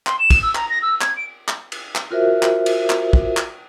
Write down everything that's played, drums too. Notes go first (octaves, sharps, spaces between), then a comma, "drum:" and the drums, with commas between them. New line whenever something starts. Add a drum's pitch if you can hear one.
C6, drum: clap
E7
drum: kick, cymbal
E6
A#5, drum: clap
A#6
E6
G#6, drum: clap
D7
drum: clap
drum: cymbal
drum: clap
F4 F#4 A#4 C5 E5
drum: clap
drum: cymbal
drum: clap
drum: kick
drum: clap